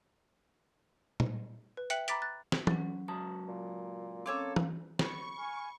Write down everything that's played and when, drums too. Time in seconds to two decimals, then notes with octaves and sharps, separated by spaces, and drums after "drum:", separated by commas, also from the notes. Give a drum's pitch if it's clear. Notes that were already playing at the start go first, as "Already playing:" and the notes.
1.20 drum: tom A#2
1.77 B4
1.90 E5 G5 F#6 C#7 F#7, drum: hi-hat
2.08 A#5 B5 D6 A6 B6 D7, drum: hi-hat
2.22 F#6 A6
2.52 drum: snare
2.67 F#3 C#4, drum: tom E3
3.08 C#2 F#3 A5 D#6
3.48 A#2
4.26 A#3 C4 C#4 A4 C#5 D6
4.56 drum: tom E3
4.99 B5 C#6, drum: snare
5.37 G#5 F6